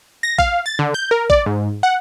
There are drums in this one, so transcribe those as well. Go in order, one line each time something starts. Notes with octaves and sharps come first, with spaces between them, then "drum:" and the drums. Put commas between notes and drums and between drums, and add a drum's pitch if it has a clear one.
A#6
F5, drum: kick A1
A6
D3
G6
A#4
D5, drum: kick A1
G#2
F#5